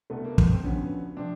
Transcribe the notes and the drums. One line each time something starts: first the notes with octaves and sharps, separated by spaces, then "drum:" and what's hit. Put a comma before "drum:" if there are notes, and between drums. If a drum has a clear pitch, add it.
C2 B2 A3 B3
A#3
B3, drum: kick
C4
D2 D3 F3 B3 C#4
C3 F3 C4 D4